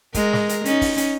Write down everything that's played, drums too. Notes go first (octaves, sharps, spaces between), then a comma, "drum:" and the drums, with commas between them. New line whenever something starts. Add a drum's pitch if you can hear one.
G#3 A#4, drum: kick, hi-hat
drum: snare
drum: hi-hat
C#4 D#4, drum: hi-hat
drum: kick, open hi-hat
drum: hi-hat